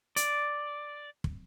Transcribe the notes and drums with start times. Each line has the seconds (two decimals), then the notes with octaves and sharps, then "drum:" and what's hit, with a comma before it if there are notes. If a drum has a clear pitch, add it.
0.16 D5, drum: hi-hat
1.24 drum: kick